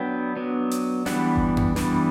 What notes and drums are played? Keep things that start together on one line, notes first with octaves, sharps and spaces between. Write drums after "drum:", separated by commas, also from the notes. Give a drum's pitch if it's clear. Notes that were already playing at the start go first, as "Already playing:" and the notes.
Already playing: F#3 B3 D4 G5
F#3 B3 D4
drum: hi-hat
E3 G3 B3 D4 F#5, drum: snare
drum: kick G1
drum: tom F2
E3 G3 B3 D4, drum: snare